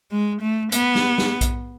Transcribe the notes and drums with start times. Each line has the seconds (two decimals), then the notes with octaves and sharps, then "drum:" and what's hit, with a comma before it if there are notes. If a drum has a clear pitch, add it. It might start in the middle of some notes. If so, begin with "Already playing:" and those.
0.11 G#3
0.42 A3
0.72 B3, drum: hi-hat
0.95 drum: snare
1.18 drum: snare
1.41 drum: kick A#1, hi-hat